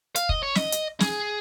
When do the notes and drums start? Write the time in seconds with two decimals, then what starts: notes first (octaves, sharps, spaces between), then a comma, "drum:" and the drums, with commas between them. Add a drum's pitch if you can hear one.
0.16 F5, drum: hi-hat
0.29 D#5, drum: kick
0.43 C#5
0.55 D#5, drum: snare
0.72 drum: hi-hat
1.00 G#4, drum: snare